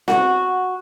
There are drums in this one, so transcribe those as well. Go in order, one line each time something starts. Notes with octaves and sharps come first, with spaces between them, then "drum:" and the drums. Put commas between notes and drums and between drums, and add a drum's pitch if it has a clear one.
F#4, drum: snare C4